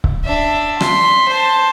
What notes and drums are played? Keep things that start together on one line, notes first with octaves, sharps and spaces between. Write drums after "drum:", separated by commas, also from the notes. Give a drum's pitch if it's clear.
drum: kick C#1
D4 E5
C6 B6, drum: rim click
C5 A5